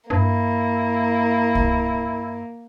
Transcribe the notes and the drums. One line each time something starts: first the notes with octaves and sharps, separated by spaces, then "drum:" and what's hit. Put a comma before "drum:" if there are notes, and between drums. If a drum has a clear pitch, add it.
G2 A#3 E4
drum: kick C2